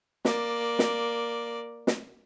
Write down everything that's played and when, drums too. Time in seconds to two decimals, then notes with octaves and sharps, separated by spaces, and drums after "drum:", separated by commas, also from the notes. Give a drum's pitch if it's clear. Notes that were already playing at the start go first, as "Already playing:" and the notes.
0.25 A#3 D5, drum: snare
0.79 drum: snare
1.87 drum: snare